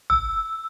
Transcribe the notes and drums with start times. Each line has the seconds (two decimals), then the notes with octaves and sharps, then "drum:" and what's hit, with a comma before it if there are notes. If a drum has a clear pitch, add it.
0.10 E6, drum: tom